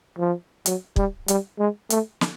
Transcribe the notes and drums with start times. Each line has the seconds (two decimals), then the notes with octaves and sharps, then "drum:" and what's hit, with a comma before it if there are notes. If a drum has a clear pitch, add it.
0.18 F3
0.66 F#3, drum: hi-hat
0.96 G3, drum: kick
1.28 G3, drum: hi-hat
1.59 G#3
1.90 A3, drum: hi-hat
2.21 drum: snare